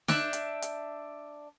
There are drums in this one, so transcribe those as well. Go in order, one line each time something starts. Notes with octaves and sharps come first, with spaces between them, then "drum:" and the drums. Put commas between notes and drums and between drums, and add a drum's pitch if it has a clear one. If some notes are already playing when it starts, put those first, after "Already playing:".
D4 E5 F#6 G6, drum: snare
drum: hi-hat
drum: hi-hat